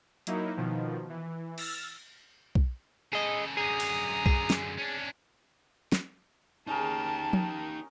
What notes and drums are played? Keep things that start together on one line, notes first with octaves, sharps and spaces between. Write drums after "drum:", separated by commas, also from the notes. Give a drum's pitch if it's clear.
F#3 A#3 D#4 E4, drum: hi-hat
B2 D#3 F3
E3
E6 F6 A6, drum: cymbal
drum: kick
C#3 G#4 A4 D#5
F#2 D3 G#4 G#5 A#5 D#6
drum: cymbal
G#4, drum: kick
drum: snare
C#4 D4
drum: snare
C#4 D#4 G4 G#4 A#4 A5
drum: tom F3